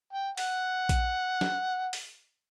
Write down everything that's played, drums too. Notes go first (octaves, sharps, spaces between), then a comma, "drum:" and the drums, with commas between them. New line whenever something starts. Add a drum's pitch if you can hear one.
G5
F#5, drum: open hi-hat
drum: kick A#1, hi-hat
drum: snare
drum: open hi-hat